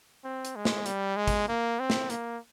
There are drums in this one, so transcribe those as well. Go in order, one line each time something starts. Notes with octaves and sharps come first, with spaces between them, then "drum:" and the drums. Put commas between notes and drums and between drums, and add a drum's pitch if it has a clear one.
C4
drum: hi-hat
G#3
drum: snare
G3, drum: hi-hat
G#3
drum: kick, hi-hat
A#3
C4
drum: snare
A#3, drum: hi-hat